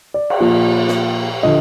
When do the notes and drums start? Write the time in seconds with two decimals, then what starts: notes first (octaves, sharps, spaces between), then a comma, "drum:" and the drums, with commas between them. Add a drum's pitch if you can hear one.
0.14 D5
0.30 drum: cymbal
0.40 A#2 F3
0.88 drum: snare
1.43 D3 F3 D#5